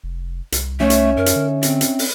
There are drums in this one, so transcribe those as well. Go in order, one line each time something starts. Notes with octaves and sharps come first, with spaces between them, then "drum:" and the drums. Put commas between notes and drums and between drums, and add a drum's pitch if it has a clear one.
F1
C2, drum: hi-hat
A3 C#4 D#4 E5
drum: hi-hat
F#2 A#4
drum: hi-hat
D3
C4, drum: hi-hat
drum: hi-hat
drum: open hi-hat